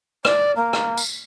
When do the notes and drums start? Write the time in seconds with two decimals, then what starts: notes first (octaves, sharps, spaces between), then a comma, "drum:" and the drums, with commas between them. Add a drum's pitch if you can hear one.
0.25 D5, drum: rim click
0.56 A#3
0.73 drum: rim click
0.97 drum: tambourine